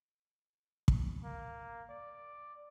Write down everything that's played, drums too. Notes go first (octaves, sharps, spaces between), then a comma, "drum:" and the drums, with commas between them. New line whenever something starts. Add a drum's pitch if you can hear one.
drum: kick
A#3
D5